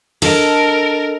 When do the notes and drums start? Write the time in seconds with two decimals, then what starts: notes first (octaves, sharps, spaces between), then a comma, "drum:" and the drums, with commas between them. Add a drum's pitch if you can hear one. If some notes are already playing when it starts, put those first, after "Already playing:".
0.22 D4 A4 A#4 D#5, drum: open hi-hat